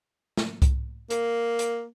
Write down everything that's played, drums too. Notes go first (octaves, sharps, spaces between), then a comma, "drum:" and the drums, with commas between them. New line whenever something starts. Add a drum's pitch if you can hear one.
drum: snare
drum: kick C2, hi-hat
A#3, drum: hi-hat
drum: hi-hat